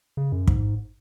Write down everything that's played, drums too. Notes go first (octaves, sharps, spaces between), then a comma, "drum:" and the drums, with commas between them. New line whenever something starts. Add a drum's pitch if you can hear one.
C#3
F#2
G#2, drum: kick